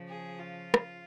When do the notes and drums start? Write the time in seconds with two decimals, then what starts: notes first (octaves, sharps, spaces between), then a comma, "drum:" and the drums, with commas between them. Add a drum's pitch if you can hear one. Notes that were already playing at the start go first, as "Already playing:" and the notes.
Already playing: C#3 F3
0.09 G#4
0.39 F4
0.74 drum: rim click